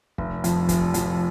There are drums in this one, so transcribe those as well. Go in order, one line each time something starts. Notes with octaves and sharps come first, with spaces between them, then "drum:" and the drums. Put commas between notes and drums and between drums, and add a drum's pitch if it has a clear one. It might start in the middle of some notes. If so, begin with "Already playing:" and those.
F1, drum: kick
F2 F3, drum: hi-hat
F1, drum: kick, hi-hat
F2 F3, drum: hi-hat